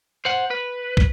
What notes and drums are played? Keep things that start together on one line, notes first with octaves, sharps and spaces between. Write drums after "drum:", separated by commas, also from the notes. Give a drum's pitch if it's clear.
C5 F#5
B4
drum: kick